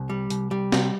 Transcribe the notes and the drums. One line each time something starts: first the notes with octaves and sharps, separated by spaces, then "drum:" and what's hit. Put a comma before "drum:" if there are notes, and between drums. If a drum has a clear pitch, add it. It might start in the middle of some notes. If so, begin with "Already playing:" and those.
Already playing: C2
G3
C2, drum: hi-hat
G3
C3, drum: snare